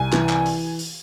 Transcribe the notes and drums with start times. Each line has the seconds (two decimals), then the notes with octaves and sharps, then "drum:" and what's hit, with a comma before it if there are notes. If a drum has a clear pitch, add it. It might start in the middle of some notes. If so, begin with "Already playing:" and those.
Already playing: C2 G#5
0.13 E3, drum: clap
0.29 drum: clap
0.46 drum: open hi-hat
0.79 drum: open hi-hat